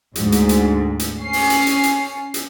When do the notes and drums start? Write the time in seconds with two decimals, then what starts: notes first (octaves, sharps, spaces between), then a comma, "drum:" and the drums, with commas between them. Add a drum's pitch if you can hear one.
0.15 D2 G#2, drum: hi-hat
0.32 drum: hi-hat
0.49 drum: hi-hat
0.99 drum: hi-hat
1.22 C#4 C7
1.33 drum: open hi-hat
1.50 drum: hi-hat
1.67 drum: hi-hat
1.83 drum: hi-hat
2.34 drum: hi-hat